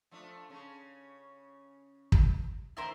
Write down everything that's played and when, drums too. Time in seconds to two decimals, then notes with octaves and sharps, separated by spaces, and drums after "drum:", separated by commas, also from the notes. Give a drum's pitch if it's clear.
0.11 F3 A3 D4
0.50 C#3 C#4
2.12 drum: kick
2.77 D#3 A3 C#4 E4 A#4 C5